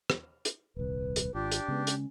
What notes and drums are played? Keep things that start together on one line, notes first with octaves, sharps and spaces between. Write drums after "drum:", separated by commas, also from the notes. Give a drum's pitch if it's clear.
drum: rim click
drum: hi-hat
D#1 C2 B4
drum: hi-hat
G#1 D4 F4 G4
drum: hi-hat
C#3 G#3 B3
C#4, drum: hi-hat